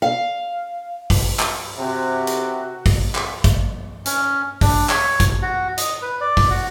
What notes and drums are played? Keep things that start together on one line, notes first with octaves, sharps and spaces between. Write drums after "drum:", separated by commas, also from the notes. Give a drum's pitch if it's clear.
F5
drum: kick, open hi-hat
drum: clap
C3 F#4
drum: hi-hat
drum: kick, open hi-hat
drum: clap
drum: kick, hi-hat
C#4, drum: hi-hat
D4, drum: kick, open hi-hat
C#5, drum: clap
drum: kick, hi-hat
F#4
D#5, drum: hi-hat
B4
D5
drum: kick, open hi-hat
F#4